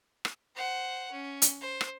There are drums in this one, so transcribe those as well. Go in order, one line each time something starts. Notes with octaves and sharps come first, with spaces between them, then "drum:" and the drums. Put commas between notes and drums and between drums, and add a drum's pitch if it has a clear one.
drum: rim click
C5 F#5
C#4
drum: hi-hat
C5
drum: rim click